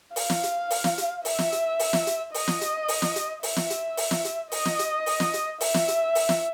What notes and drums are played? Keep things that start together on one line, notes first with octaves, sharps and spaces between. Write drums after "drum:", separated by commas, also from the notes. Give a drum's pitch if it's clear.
F5, drum: open hi-hat
drum: snare
drum: hi-hat
drum: open hi-hat
drum: snare
drum: hi-hat
E5, drum: open hi-hat
drum: snare
drum: hi-hat
drum: open hi-hat
drum: snare
drum: hi-hat
D#5, drum: open hi-hat
drum: snare
drum: hi-hat
drum: open hi-hat
drum: snare
drum: hi-hat
E5, drum: open hi-hat
drum: snare
drum: hi-hat
drum: open hi-hat
drum: snare
drum: hi-hat
D#5, drum: open hi-hat
drum: snare
drum: hi-hat
drum: open hi-hat
drum: snare
drum: hi-hat
E5, drum: open hi-hat
drum: snare
drum: hi-hat
drum: open hi-hat
drum: snare